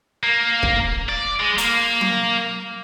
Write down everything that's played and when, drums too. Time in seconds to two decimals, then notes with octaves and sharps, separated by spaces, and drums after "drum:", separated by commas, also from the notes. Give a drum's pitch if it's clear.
0.24 A#3
0.63 drum: kick
1.09 D5
1.40 G#3
1.58 A#3, drum: hi-hat
2.01 drum: tom F#3